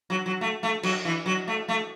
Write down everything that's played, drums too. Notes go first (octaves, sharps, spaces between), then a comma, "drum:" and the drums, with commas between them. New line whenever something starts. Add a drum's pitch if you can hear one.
F#3
F#3
A3
A3
F#3, drum: cymbal
E3
F#3
A3
A3